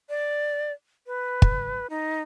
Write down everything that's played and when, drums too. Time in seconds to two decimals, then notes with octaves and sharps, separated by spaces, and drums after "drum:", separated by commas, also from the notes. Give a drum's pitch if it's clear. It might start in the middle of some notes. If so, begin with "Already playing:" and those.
0.09 D5
1.07 B4
1.42 drum: kick
1.90 D#4